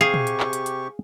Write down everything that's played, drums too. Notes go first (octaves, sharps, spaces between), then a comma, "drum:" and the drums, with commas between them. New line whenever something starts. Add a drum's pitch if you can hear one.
C3 G4 G#4 F5 C#6
drum: tom A#2
drum: hi-hat
drum: clap
drum: hi-hat
drum: hi-hat